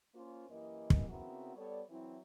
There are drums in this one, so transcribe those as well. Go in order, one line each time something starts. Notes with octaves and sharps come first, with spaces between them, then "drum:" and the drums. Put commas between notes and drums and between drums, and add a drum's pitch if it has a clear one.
A#3 C#4 F4 C5
F#2 E3 A#3 G4 D#5
drum: kick
C#3 B3 C4 E4 F#4 A#4
G3 B3 A4 C#5 D5
E3 F#3 C4 E4